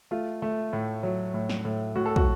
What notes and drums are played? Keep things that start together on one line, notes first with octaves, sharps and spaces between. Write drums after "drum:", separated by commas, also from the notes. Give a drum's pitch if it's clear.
A3 F4
A3
A2
F#3
A2
drum: snare
A2
A2 F#4
A4
F#4, drum: kick